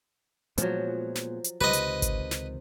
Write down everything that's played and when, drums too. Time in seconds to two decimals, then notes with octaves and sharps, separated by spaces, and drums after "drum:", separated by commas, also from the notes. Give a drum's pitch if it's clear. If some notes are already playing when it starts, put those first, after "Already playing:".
0.58 A#2 F3 F#3 G#3 B3, drum: hi-hat
1.15 drum: snare
1.44 drum: hi-hat
1.61 C#2 C3 D#3 B4 D#5
1.73 drum: hi-hat
2.02 drum: kick G#1, hi-hat
2.31 drum: snare